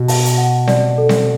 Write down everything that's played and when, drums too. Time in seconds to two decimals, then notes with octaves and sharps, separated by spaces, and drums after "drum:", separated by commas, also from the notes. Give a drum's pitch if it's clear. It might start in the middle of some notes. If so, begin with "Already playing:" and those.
Already playing: B2 F#4
0.08 A5, drum: open hi-hat
0.25 drum: hi-hat
0.38 F#5
0.68 D5, drum: snare C4
0.98 A4
1.09 drum: snare C4